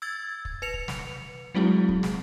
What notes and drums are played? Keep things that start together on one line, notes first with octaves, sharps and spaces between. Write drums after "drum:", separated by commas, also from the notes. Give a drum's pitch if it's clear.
E6 G#6 A6
drum: kick
B4 C#7 F7
drum: kick
drum: snare
F#3 G#3 C4 E4 F#4 G#4
drum: kick
drum: snare